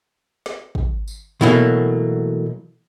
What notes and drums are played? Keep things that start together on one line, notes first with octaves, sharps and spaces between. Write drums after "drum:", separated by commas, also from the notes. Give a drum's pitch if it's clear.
drum: snare
drum: kick
drum: tambourine
B2 E3 F#3 A3 A#3